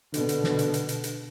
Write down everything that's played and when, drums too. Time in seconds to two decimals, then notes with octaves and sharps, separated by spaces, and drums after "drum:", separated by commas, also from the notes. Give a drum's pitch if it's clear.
0.14 B2 D3, drum: hi-hat
0.29 drum: hi-hat
0.44 drum: snare
0.59 drum: hi-hat
0.74 drum: hi-hat
0.89 drum: hi-hat
1.04 drum: hi-hat